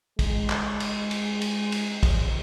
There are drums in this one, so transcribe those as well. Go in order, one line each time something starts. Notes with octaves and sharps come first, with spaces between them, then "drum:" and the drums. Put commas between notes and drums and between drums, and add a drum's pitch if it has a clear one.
G#3, drum: kick, cymbal
drum: clap
drum: cymbal
drum: cymbal
drum: cymbal
drum: cymbal
drum: kick, cymbal